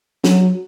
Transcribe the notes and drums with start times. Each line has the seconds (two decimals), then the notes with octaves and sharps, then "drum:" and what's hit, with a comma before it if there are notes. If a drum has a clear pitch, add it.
0.24 F#3, drum: snare